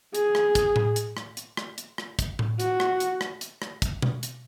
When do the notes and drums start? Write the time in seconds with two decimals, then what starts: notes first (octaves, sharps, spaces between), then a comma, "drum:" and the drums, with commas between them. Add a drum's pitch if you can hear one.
0.15 G#4, drum: hi-hat
0.35 drum: rim click
0.55 drum: kick, hi-hat
0.76 drum: tom A2
0.96 drum: hi-hat
1.17 drum: rim click
1.37 drum: hi-hat
1.57 drum: rim click
1.78 drum: hi-hat
1.98 drum: rim click
2.19 drum: kick, hi-hat
2.39 drum: tom A2
2.60 F#4, drum: hi-hat
2.80 drum: rim click
3.00 drum: hi-hat
3.21 drum: rim click
3.41 drum: hi-hat
3.62 drum: rim click
3.82 drum: kick, hi-hat
4.02 drum: tom B2
4.23 drum: hi-hat